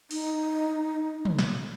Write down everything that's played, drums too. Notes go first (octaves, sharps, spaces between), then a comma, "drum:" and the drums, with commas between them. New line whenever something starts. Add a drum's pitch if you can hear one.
D#4, drum: open hi-hat
drum: tom
drum: snare